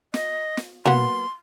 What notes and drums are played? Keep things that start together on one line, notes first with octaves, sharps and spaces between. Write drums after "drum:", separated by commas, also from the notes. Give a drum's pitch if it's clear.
D#5, drum: snare
drum: snare
F#3 A#3 B3 C6, drum: tom